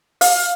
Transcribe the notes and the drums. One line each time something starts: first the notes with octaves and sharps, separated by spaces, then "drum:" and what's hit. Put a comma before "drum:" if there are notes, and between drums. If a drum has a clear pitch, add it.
F5, drum: open hi-hat